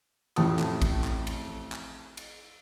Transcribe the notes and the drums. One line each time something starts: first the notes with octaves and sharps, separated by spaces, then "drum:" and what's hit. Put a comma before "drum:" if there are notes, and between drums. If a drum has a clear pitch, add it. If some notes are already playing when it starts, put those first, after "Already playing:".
A1 F2 A2 A5 D#6, drum: cymbal
drum: clap
drum: kick A1, cymbal
drum: clap
drum: cymbal
drum: clap
drum: cymbal